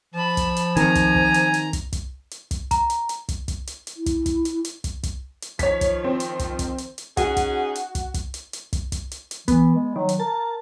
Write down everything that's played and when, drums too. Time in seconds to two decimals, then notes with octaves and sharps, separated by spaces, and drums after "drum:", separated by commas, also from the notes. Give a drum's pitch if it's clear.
0.14 F3 A5 B5
0.37 drum: kick, hi-hat
0.56 drum: hi-hat
0.77 D#3 C4 G#5 A#5, drum: hi-hat
0.95 drum: kick, hi-hat
1.15 drum: kick
1.34 drum: hi-hat
1.54 drum: hi-hat
1.73 drum: kick, hi-hat
1.93 drum: kick, hi-hat
2.31 drum: hi-hat
2.51 drum: kick, hi-hat
2.71 A#5, drum: kick, hi-hat
2.90 drum: hi-hat
3.09 drum: hi-hat
3.29 drum: kick, hi-hat
3.48 drum: kick, hi-hat
3.67 drum: hi-hat
3.87 drum: hi-hat
3.96 E4
4.06 drum: kick, hi-hat
4.26 drum: kick, hi-hat
4.45 drum: hi-hat
4.65 drum: hi-hat
4.84 drum: kick, hi-hat
5.03 drum: kick, hi-hat
5.42 drum: hi-hat
5.59 D#3 F3 C#5 B6, drum: kick, hi-hat
5.81 drum: kick, hi-hat
6.04 C4
6.20 drum: hi-hat
6.39 drum: kick, hi-hat
6.59 drum: kick, hi-hat
6.78 drum: hi-hat
6.98 drum: hi-hat
7.17 C#4 D#4 F#4 G#4, drum: kick, hi-hat
7.37 drum: kick, hi-hat
7.75 drum: hi-hat
7.95 drum: kick, hi-hat
8.14 drum: kick, hi-hat
8.34 drum: hi-hat
8.53 drum: hi-hat
8.73 drum: kick, hi-hat
8.92 drum: kick, hi-hat
9.11 drum: hi-hat
9.31 drum: hi-hat
9.48 E3 B3, drum: kick, hi-hat
9.75 G#3
9.96 D#3 F#3
10.09 drum: hi-hat
10.20 A#4 A5